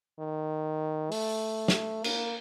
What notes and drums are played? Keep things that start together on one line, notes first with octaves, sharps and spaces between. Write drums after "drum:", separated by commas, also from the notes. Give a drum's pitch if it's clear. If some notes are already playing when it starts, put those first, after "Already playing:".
D#3
A3, drum: open hi-hat
drum: snare
A#3, drum: cymbal